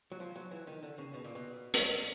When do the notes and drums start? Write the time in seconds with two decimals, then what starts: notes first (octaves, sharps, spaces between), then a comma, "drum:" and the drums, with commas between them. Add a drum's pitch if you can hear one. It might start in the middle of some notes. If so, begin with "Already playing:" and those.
0.12 F#3
0.20 F3
0.36 F#3
0.51 E3
0.67 D#3
0.83 D3
0.98 C#3
1.14 B2
1.24 A#2
1.35 B2
1.74 drum: hi-hat